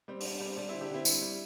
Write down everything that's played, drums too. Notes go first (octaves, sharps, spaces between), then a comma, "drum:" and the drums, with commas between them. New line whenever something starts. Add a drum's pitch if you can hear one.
G3 C4
D4, drum: open hi-hat
G3
D4
G3 C4
G3 D4
D3 C4 E4
D4 G4
D3 C4 E4
G3, drum: tambourine
G3